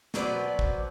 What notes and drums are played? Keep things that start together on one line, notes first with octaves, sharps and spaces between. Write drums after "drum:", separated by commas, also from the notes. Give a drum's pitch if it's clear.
B2 F#3 C4 B4 D5, drum: snare
drum: kick